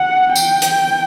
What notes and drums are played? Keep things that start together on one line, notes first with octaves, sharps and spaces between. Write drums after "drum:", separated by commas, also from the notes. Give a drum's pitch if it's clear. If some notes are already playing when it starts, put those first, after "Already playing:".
Already playing: F#5
G5, drum: tambourine
drum: hi-hat